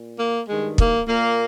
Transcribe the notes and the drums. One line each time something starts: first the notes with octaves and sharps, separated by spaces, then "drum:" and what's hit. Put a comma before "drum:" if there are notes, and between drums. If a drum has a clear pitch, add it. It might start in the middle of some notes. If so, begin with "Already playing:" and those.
Already playing: A#2
A#3
G2 D#3 G#3
A#3, drum: kick
A#2 A#3